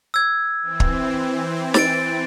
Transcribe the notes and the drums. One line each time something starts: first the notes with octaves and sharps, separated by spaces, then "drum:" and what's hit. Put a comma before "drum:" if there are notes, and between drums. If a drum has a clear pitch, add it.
E6 G#6
E3 C4
drum: kick
A6 D7, drum: snare